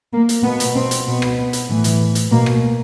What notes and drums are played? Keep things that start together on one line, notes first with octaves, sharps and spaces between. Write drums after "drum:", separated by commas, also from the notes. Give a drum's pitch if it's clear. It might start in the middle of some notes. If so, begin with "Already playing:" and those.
A#3
drum: hi-hat
B2 B3
drum: hi-hat
C4
drum: hi-hat
B2 B3
drum: rim click
drum: hi-hat
A2 E3
drum: hi-hat
drum: hi-hat
B2 A#3
drum: rim click